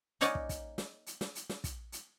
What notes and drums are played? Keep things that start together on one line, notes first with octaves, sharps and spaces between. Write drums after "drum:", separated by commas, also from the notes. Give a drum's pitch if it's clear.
A#3 D#4 C#5 D5 F#5 G#5, drum: hi-hat
drum: kick
drum: kick, hi-hat
drum: snare
drum: hi-hat
drum: snare
drum: hi-hat
drum: snare
drum: kick, hi-hat
drum: hi-hat